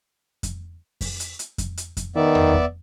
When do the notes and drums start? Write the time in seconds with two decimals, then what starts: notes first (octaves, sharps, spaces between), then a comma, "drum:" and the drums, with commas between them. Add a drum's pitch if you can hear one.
0.43 drum: kick F2, hi-hat
1.01 drum: kick F2, open hi-hat
1.20 drum: hi-hat
1.39 drum: hi-hat
1.58 drum: kick F2, hi-hat
1.77 drum: hi-hat
1.97 drum: kick F2, hi-hat
2.16 D#3 B3 D5 E5
2.35 drum: tom E2
2.54 drum: kick F2